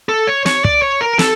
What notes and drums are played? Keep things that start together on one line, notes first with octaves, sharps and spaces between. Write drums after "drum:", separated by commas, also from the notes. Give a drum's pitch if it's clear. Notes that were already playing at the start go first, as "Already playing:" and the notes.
A4
C#5
C#5, drum: snare
D5, drum: kick
C#5
A#4
A4, drum: snare